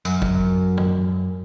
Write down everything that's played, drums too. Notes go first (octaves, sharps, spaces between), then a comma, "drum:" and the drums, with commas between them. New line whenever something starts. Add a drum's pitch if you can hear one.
F#2, drum: tambourine
drum: kick
drum: tom G2